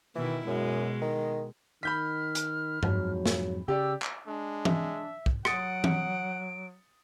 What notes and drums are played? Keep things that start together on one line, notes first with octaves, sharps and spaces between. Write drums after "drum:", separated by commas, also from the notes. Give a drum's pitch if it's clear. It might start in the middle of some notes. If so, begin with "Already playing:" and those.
B2 D#3 E3 E4
F#2 B2 G#3
D#3
D#3 B5 F6 G6 B6
drum: hi-hat
F2 G#2 F#3, drum: tom G2
drum: snare
C#3 G4 D5 E6
drum: clap
G#3 D4
E5, drum: tom E3
drum: kick
F#3 F#5 D#6 A6 C#7 D7, drum: rim click
drum: tom E3